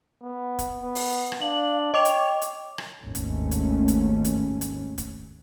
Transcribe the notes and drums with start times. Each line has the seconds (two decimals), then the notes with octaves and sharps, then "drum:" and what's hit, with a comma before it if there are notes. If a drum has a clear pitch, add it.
0.22 B3
0.59 drum: kick, hi-hat
0.82 B3
0.95 drum: open hi-hat
1.32 drum: rim click
1.41 D4 F5 F#7
1.94 C#5 D#5 G5 D6 F7
2.05 drum: hi-hat
2.42 drum: hi-hat
2.78 drum: rim click
3.03 G#1 D#2 A3 C#4
3.15 drum: kick, hi-hat
3.51 drum: hi-hat
3.88 drum: hi-hat
4.24 drum: hi-hat
4.61 drum: hi-hat
4.98 drum: kick, hi-hat